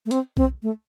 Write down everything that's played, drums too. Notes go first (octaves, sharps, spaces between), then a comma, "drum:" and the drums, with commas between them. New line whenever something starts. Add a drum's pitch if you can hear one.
A3
C4, drum: hi-hat
C4, drum: kick B1
A3